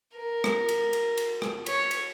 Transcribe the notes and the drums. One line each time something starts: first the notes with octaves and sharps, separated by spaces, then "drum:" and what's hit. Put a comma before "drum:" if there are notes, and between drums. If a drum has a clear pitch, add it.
A#4
drum: rim click
drum: cymbal
drum: cymbal
drum: cymbal
drum: rim click
C#5, drum: cymbal
drum: cymbal